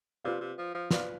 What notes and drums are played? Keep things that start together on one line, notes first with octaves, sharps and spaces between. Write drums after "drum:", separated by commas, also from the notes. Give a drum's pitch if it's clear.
C3 F4 B4 D5 F5
C3
F3
F3
F3 F4 B4 D5 F5, drum: snare